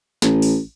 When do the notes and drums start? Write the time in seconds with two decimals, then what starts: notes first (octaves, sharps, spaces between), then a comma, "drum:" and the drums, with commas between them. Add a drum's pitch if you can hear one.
0.22 A1, drum: snare
0.42 drum: open hi-hat